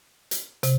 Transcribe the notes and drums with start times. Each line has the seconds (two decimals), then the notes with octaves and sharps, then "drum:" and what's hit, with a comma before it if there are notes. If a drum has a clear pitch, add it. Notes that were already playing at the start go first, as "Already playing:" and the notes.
0.31 drum: hi-hat
0.63 C3, drum: hi-hat